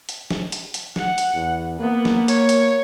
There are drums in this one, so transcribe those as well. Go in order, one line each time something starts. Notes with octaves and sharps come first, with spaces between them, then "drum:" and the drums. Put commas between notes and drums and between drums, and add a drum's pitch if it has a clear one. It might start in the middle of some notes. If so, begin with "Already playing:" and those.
drum: hi-hat
drum: snare
drum: hi-hat
drum: hi-hat
F#5, drum: snare
drum: hi-hat
E2
A#3 B3
drum: snare
C#5, drum: hi-hat
drum: hi-hat